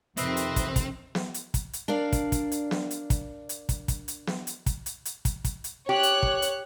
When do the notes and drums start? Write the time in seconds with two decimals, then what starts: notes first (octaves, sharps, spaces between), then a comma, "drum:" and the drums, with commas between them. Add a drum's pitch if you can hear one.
0.17 F2 C3 D#3 C4 B4 D#5 E5, drum: hi-hat
0.37 drum: hi-hat
0.56 drum: kick, hi-hat
0.76 drum: kick, hi-hat
1.15 drum: snare
1.34 drum: hi-hat
1.54 drum: kick, hi-hat
1.73 drum: hi-hat
1.88 D4 A#4 D5 F5
2.12 drum: kick, hi-hat
2.32 drum: kick, hi-hat
2.52 drum: hi-hat
2.71 drum: snare
2.91 drum: hi-hat
3.10 drum: kick, hi-hat
3.49 drum: hi-hat
3.69 drum: kick, hi-hat
3.88 drum: kick, hi-hat
4.08 drum: hi-hat
4.27 drum: snare
4.47 drum: hi-hat
4.66 drum: kick, hi-hat
4.86 drum: hi-hat
5.05 drum: hi-hat
5.25 drum: kick, hi-hat
5.44 drum: kick, hi-hat
5.64 drum: hi-hat
5.89 G4 C#5 F#6
6.03 drum: hi-hat
6.23 drum: kick
6.42 drum: hi-hat